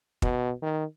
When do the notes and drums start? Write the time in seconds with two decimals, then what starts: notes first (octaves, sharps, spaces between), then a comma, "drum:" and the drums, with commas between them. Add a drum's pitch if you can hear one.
0.22 B2, drum: kick
0.62 D#3